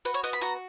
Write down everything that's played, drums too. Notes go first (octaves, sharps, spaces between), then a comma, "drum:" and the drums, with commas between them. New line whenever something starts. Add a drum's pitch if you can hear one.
F#4 B4, drum: hi-hat
C#5
B3 D#5, drum: hi-hat
B5
F#4 A#5, drum: hi-hat